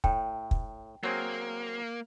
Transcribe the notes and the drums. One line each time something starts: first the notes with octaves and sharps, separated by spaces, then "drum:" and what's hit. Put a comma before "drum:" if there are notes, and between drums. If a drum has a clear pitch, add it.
A2 G5, drum: kick
drum: kick
F#3 A#3 C4 G#4